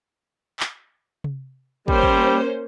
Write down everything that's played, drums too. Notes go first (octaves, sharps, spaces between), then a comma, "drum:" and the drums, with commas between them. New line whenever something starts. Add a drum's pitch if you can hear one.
drum: clap
drum: tom C3
G3 A#3 C#4 C5, drum: kick
drum: kick